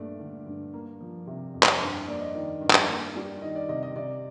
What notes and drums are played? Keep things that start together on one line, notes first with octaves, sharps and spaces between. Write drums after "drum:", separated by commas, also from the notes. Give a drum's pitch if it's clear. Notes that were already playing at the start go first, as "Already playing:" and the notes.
Already playing: G2 A#2 A3 D5
D3
G2
A#3
F3
C3
F2
drum: clap
G2 C5
A#3 D5
D#5
D#3 D5
G2
drum: clap
A#3
G3
D#3 D#5
D5
C3 D#5
D#5
C3 D5